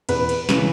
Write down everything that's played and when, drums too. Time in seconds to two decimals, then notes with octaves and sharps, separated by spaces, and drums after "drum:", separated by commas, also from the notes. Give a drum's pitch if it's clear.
0.09 E2 B4, drum: cymbal
0.29 drum: cymbal
0.49 C#3 E3, drum: snare